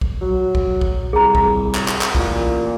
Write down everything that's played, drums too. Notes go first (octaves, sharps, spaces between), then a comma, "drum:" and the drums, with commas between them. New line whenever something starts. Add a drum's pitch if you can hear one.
drum: kick B1
F#3
drum: kick B1
drum: kick B1
C2 G#4 A#5
drum: kick B1
drum: clap
drum: clap
drum: clap
A1 A#2, drum: kick B1